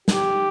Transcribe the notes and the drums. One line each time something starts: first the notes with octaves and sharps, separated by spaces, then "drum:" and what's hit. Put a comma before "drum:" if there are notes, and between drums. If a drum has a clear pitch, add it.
G4, drum: snare